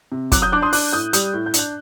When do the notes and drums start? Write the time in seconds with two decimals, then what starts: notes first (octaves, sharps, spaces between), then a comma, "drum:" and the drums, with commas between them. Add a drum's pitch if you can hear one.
0.12 C3
0.32 F#3 D6 F#6, drum: kick, hi-hat
0.42 D#6 G6
0.52 D4 D6 F#6
0.62 C6 D#6
0.73 D4 D6 F#6, drum: open hi-hat
0.93 A2 D#6 G6
1.13 G3 D#6 G6, drum: hi-hat
1.34 A2
1.46 G6
1.54 D4, drum: hi-hat
1.59 F#6